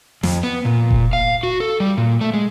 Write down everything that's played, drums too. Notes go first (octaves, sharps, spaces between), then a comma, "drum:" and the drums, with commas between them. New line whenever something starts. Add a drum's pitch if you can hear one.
F2, drum: snare
B3
A#2
drum: kick F1
F5
F#4
A4
G3
A#2
A3
G#3